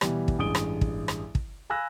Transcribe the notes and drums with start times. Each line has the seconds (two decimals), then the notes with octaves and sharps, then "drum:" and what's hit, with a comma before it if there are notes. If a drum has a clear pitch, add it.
0.01 B2 E3 G3, drum: rim click
0.28 drum: kick
0.39 A1 G2 G#3 D#6 D7 G7
0.55 drum: rim click
0.81 drum: kick
1.08 drum: rim click
1.35 drum: kick
1.70 F5 G#5 B5 E6 F#6 A#6